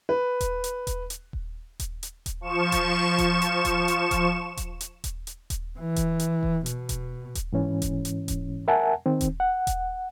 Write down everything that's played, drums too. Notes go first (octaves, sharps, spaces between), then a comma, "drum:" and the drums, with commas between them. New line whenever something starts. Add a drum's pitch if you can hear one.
B4
drum: kick D#1, hi-hat
drum: hi-hat
drum: kick D#1, hi-hat
drum: hi-hat
drum: kick D#1
drum: kick D#1, hi-hat
drum: hi-hat
drum: kick D#1, hi-hat
F3 C#6 E7
drum: kick D#1, hi-hat
drum: kick D#1, hi-hat
drum: hi-hat
drum: kick D#1, hi-hat
drum: hi-hat
drum: kick D#1, hi-hat
drum: kick D#1, hi-hat
drum: hi-hat
drum: kick D#1, hi-hat
drum: hi-hat
drum: kick D#1, hi-hat
E3
drum: kick D#1, hi-hat
drum: hi-hat
drum: kick D#1
B2, drum: hi-hat
drum: kick D#1, hi-hat
drum: kick D#1, hi-hat
G#2 E3 C#4
drum: kick D#1, hi-hat
drum: hi-hat
drum: kick D#1, hi-hat
A#4 E5 F#5 G#5 A5
D#3 C4
drum: kick D#1, hi-hat
F#5
drum: kick D#1, hi-hat